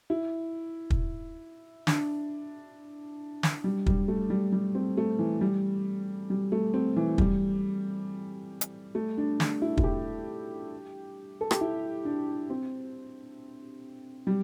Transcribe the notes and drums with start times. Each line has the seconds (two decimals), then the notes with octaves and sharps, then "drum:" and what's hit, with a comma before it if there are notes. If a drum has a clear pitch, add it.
0.10 E4
0.90 drum: kick
1.87 D4, drum: snare
3.43 drum: snare
3.64 G3
3.86 G3, drum: kick
4.08 A3
4.30 G3
4.53 G3
4.75 C4
4.97 A3
5.19 E3
5.41 G3
6.30 G3
6.52 A3
6.74 C4
6.96 E3
7.18 G3, drum: kick
8.61 drum: hi-hat
8.95 A3
9.18 D4
9.40 D4, drum: snare
9.62 E4
9.77 E4, drum: kick
9.84 G4
11.41 A4
11.51 G4, drum: rim click
11.61 E4
12.05 D4
12.50 C4
14.27 G3